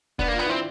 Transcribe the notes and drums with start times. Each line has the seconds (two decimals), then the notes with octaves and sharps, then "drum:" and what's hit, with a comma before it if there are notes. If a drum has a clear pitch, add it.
0.19 B3 D4, drum: kick
0.28 A#3 F4
0.39 B3
0.46 C4 E4